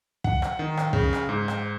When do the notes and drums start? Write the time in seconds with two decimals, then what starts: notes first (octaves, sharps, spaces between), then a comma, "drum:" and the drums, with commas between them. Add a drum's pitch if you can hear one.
0.24 F#5, drum: kick
0.42 drum: rim click
0.59 D#3
0.77 drum: rim click
0.93 C#3, drum: kick
1.13 drum: rim click
1.29 G#2
1.48 drum: rim click